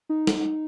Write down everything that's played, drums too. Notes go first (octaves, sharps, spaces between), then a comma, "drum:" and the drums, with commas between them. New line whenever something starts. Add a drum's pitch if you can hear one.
D#4
drum: snare